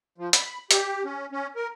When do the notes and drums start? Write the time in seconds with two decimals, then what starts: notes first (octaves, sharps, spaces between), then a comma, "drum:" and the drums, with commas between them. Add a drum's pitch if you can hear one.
0.18 F3
0.33 B5, drum: hi-hat
0.71 G4, drum: hi-hat
1.05 C#4
1.32 C#4
1.56 A#4